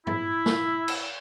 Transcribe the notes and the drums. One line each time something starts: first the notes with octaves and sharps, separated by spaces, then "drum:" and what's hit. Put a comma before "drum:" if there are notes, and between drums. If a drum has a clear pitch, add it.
E4, drum: tom G#2
drum: snare
drum: cymbal